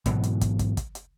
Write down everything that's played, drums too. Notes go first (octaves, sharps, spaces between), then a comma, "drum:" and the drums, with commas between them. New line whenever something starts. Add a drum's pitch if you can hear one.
G#2 B2 E3 F#3, drum: kick, hi-hat
drum: hi-hat
drum: kick, hi-hat
drum: kick, hi-hat
drum: kick, hi-hat
drum: hi-hat